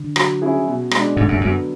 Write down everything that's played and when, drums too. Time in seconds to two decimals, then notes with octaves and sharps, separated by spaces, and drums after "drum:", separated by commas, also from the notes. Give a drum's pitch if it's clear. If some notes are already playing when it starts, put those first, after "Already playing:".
Already playing: D3
0.16 F#3, drum: rim click
0.42 C#4 E4 G#4
0.66 B2
0.91 G#3 D4, drum: rim click
1.16 G#2 D3
1.28 F#2
1.41 F#2 F#3 B3